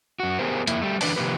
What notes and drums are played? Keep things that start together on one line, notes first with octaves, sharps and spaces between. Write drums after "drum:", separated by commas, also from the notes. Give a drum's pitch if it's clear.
F#2 F#4
B3 G4 G#4 A#4 C5
F2 A#3 E4, drum: hi-hat
G3 A3
D3 E3 D4 B4 D5 A5, drum: open hi-hat
C3 D#3 F3 A#3 G4 B4